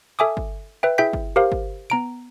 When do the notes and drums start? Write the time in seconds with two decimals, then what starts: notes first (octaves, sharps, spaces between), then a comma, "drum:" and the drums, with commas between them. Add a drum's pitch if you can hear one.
0.19 A4 E5 G#5 D6 D#6
0.37 drum: kick G1
0.83 B4 E5 G5
0.98 E4 G#4 E5 G5 G6 B6
1.13 drum: kick G1
1.36 G4 A#4 C5 F5
1.52 drum: kick G1
1.90 B3 A#5 D7